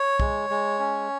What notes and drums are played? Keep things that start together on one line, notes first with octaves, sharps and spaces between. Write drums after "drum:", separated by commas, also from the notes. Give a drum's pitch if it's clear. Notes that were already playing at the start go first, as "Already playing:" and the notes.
Already playing: C#5
G#3, drum: kick
G#3
C#4